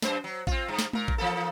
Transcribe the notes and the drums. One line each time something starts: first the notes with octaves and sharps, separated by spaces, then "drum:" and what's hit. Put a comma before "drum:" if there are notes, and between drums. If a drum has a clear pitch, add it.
F#2 C5, drum: snare
F#3
C4 F4, drum: kick A1
G2
drum: snare
A#2 A#4, drum: tom G#3
drum: kick A1
E3 A#3 A4